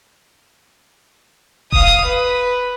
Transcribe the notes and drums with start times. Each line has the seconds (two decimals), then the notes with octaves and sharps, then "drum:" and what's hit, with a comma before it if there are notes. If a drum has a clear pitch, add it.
1.72 F5 D#6, drum: kick E1
2.05 B4